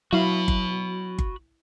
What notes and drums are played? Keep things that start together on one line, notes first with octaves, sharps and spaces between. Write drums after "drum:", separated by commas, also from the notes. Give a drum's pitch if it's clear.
F#3 E4 F#4 F5 B5
drum: kick G1
drum: kick G1